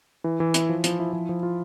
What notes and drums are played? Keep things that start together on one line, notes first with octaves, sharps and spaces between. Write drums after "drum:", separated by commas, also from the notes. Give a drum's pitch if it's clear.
E3
E3
E4, drum: hi-hat
F3
F3, drum: hi-hat
E4
F3
F3
F4